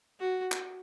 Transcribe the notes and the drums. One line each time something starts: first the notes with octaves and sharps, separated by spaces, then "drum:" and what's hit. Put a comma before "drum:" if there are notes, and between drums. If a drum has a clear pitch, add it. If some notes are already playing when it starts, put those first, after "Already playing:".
F#4
drum: clap